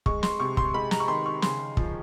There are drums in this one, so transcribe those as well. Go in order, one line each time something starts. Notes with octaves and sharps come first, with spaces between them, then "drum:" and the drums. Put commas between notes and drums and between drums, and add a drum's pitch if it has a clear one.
G#3 C#6, drum: kick
C6, drum: snare
C3 C#6
C6, drum: kick
G#3 B5
A#5, drum: snare
C#6
D#3 C6
C#6
C#3 C6, drum: snare
F3, drum: kick